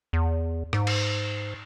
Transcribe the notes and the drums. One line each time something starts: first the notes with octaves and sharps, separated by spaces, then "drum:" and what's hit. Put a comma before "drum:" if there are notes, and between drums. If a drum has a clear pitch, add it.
E2
G#2, drum: rim click
drum: cymbal